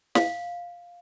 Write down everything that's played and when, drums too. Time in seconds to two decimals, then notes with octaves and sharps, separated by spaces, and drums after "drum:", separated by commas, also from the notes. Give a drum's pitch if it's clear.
0.15 F5, drum: snare